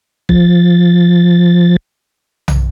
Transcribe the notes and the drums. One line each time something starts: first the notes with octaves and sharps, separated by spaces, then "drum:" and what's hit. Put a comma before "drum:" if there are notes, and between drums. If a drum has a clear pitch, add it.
F3 A6, drum: kick B1
drum: tom B1